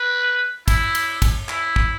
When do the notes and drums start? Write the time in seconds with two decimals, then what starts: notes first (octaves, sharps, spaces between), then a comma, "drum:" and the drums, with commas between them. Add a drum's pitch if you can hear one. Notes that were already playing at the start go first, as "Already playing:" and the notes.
Already playing: B4
0.68 E4, drum: kick, cymbal
0.95 drum: cymbal
1.22 drum: kick, cymbal
1.49 E4, drum: clap
1.76 drum: kick